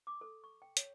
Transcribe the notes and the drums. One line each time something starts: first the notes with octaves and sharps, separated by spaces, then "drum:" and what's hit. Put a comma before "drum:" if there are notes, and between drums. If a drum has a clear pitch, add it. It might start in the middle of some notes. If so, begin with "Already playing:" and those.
D6
A4
C#6
G5
C#5, drum: hi-hat